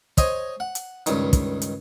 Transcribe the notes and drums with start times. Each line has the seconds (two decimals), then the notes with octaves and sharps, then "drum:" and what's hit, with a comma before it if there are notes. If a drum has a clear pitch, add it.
0.17 C5 C#5 D#5 G#5, drum: kick, hi-hat
0.60 F#5
0.75 drum: hi-hat
1.06 C#2 G2 D#3, drum: hi-hat
1.33 drum: kick, hi-hat
1.62 drum: hi-hat